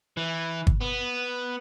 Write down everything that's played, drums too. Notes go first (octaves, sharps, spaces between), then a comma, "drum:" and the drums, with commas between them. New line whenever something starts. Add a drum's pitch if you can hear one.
E3
drum: kick
B3